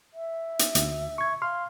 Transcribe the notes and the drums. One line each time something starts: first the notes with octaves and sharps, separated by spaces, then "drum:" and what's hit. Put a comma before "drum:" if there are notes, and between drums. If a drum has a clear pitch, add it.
E5
drum: hi-hat
D2, drum: hi-hat
C#6 G#6
F5 C6 F6